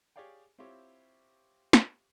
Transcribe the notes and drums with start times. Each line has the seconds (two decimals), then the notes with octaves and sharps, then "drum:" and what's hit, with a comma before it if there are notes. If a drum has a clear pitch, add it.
0.16 G4 G#4 C#5 D5 F5 G5
0.59 C4 E4 F4 G4 C#5
1.73 drum: snare